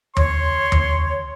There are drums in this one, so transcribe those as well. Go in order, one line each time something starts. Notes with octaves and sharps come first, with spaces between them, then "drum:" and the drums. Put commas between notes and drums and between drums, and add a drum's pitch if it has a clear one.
C#5 C6, drum: tom D#2
drum: tom D#2